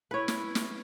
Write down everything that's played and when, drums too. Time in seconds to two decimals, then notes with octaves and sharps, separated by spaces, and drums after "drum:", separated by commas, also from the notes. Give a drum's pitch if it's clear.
0.11 E4 B4 C#5
0.28 drum: snare
0.55 drum: snare